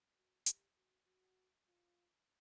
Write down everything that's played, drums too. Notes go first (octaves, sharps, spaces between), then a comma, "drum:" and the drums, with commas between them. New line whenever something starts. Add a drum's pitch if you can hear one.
F#4
G4, drum: hi-hat
F#4
F#4
F4